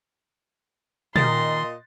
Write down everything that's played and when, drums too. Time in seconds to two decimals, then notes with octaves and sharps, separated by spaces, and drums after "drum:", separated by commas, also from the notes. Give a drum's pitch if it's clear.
1.16 A#2 D#3 D#5 C6 A6, drum: tom